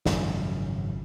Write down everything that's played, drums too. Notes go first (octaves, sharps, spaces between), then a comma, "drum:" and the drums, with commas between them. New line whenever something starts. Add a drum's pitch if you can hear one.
G#1 F#2 C#3 F3, drum: snare